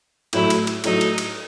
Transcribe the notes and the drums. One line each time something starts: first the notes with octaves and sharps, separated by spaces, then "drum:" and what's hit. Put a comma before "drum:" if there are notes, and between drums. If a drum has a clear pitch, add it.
A2 F#3 A3 E4, drum: cymbal
drum: cymbal
drum: cymbal
A2 F#3 A3 D#4, drum: cymbal
drum: cymbal
drum: cymbal